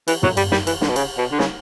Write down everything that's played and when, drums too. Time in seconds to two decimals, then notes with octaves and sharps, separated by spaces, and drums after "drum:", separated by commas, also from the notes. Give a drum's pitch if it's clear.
0.08 E3, drum: cymbal
0.23 F#3, drum: tom
0.37 G3, drum: cymbal
0.51 G3, drum: snare
0.67 E3, drum: cymbal
0.81 D3, drum: snare
0.89 B2
0.96 C#3, drum: cymbal
1.18 B2
1.32 D3
1.39 C#3, drum: snare